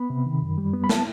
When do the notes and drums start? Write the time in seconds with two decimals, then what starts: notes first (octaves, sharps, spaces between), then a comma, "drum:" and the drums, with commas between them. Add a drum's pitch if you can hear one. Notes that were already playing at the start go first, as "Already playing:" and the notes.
Already playing: B3 B5
0.10 C3
0.26 D#3
0.42 F#2
0.58 G3
0.74 B3
0.84 B5
0.89 B3 A5, drum: snare